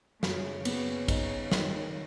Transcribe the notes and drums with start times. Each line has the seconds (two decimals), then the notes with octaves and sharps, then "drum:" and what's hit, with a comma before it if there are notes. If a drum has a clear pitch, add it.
0.23 F#2 C#3, drum: snare
0.65 B3, drum: cymbal
1.08 D#4, drum: kick, cymbal
1.52 D#3, drum: snare